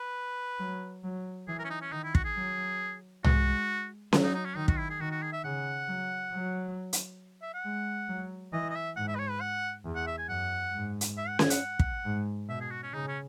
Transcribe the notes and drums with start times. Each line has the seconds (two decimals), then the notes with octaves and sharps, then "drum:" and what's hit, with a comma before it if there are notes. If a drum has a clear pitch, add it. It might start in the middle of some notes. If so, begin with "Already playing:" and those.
Already playing: B4
0.60 F#3
1.04 F#3
1.48 E3 G#4
1.59 A#4
1.65 C#4
1.70 D#4
1.81 C#4
1.92 D#3 D#4
2.04 E4
2.15 F#4, drum: kick
2.25 G#4
2.36 F#3
3.24 G#3 F#4, drum: tom C2
4.13 F#3, drum: snare C#4
4.24 D#4
4.34 D#4
4.45 C#4
4.56 D#3 D#4
4.68 F#4, drum: kick
4.78 E4
4.90 G#4
5.00 D#3 F#4
5.11 F#4
5.23 G#4
5.33 E5
5.44 C#3 F#5
5.88 F#3
6.33 F#3
6.93 drum: hi-hat
7.42 E5
7.54 F#5
7.64 G#3
8.09 F#3
8.53 E3 D#5
8.70 D#5
8.75 E5
8.96 G#2 F#5
9.08 E5
9.15 B4
9.19 C#5
9.30 B4
9.41 F#5
9.85 E2
9.96 F#5
10.07 E5
10.18 G#5
10.29 F#2 F#5
10.73 G#2
11.01 drum: hi-hat
11.18 E5
11.28 F#5
11.39 G#5, drum: snare C#4
11.50 F#5, drum: hi-hat
11.79 drum: kick
12.05 G#2
12.49 B2 E5
12.61 G#4
12.71 F#4
12.83 C#4
12.93 C#3 D#4
13.08 C#4